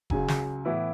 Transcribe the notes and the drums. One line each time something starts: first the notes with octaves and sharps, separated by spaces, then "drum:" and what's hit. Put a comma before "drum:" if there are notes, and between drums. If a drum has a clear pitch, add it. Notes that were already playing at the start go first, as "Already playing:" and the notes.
C#2 C#3 F#3 G#5, drum: kick F1
drum: snare
A2 E3 B3 E4